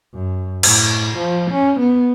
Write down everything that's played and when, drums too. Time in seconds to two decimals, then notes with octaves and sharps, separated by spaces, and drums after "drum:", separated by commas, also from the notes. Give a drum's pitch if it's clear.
0.13 F#2
0.63 A2, drum: cymbal
1.18 F3
1.51 C#4
1.80 B3